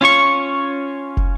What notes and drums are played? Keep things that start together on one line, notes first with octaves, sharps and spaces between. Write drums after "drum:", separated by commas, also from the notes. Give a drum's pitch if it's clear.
C#4 F4 C#5 C#6
drum: kick